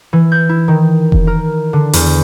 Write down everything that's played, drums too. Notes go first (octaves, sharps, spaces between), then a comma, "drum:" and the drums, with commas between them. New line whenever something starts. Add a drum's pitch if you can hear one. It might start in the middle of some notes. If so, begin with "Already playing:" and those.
E3
G6
E4
D#3
drum: kick F1
A#4
D3
E2, drum: open hi-hat